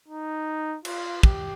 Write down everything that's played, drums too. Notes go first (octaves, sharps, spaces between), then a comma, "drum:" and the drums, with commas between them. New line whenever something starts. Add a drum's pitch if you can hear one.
D#4
F4, drum: cymbal
G4, drum: kick